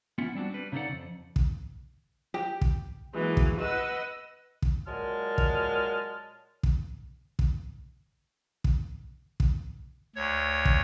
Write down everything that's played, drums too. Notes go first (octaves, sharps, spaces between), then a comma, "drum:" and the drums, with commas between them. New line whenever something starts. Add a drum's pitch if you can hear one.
B3 C#4 E4 F4 F#5
G3 C4 D4 F#4
G3 B4
C#3 D#4 G#4 A4 D5 F#5
F2
drum: kick
G4
drum: kick
E3 F#3 G#3 A#3
drum: kick
B4 D#5 F#5 E6
drum: kick
A#2 F#3 G#3 A5 F6
drum: kick
drum: kick
drum: kick
drum: kick
drum: kick
D2 C#5
drum: kick